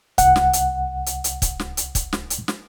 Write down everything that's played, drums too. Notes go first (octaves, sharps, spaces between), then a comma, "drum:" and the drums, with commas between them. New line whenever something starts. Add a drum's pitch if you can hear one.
C2 F#5, drum: kick, hi-hat
drum: snare
drum: hi-hat
drum: hi-hat
drum: hi-hat
drum: kick, hi-hat
drum: snare
drum: hi-hat
drum: kick, hi-hat
drum: snare
drum: hi-hat
drum: snare